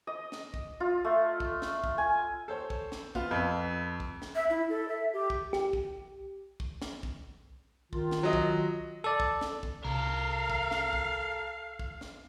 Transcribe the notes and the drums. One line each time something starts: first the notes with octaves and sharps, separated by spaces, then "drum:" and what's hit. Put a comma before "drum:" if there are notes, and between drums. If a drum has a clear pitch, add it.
D#5
drum: snare
drum: kick
F4
A3
drum: kick
drum: snare
drum: kick
G#5
A4 C5 C#5
drum: kick
drum: snare
B3 F4, drum: kick
F2 B4
drum: kick
drum: snare
E5
E4
A4
E5
G4
drum: kick
G4, drum: snare
drum: kick
drum: kick
drum: snare
drum: kick
D#3 F4, drum: kick
drum: snare
F#3 D#5
drum: kick
A4 D5
drum: kick
drum: snare
drum: kick
C2 A4 A#4 F5
drum: kick
drum: snare
drum: kick
drum: kick
drum: snare